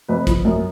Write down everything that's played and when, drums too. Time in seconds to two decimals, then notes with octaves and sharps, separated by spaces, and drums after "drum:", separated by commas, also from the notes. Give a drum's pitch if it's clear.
0.08 F2 B4
0.27 F3, drum: kick, hi-hat
0.45 F#2